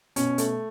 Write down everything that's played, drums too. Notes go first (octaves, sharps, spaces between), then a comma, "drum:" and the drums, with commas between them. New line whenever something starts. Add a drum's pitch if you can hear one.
B2 C#4, drum: hi-hat
A3, drum: hi-hat